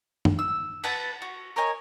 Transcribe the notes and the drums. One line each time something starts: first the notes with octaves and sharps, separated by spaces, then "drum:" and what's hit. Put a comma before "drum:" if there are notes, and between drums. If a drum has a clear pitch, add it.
drum: tom F#2
E6
B4 F#5 A5 B5, drum: cymbal
F#4
A#4 C#5 D#5 G#5